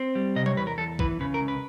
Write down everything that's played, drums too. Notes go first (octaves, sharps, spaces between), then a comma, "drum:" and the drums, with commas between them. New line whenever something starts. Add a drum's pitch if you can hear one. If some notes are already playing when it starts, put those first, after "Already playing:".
Already playing: C4
G3
C3 D#5
C#5, drum: tom F#3
E2 B4
A#4
E2 A4
E3 B4, drum: kick
C#3 B4
A#4
C#2
B4